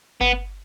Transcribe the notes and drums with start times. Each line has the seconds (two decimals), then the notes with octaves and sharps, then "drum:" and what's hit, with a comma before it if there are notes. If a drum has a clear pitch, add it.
0.21 B3, drum: kick G1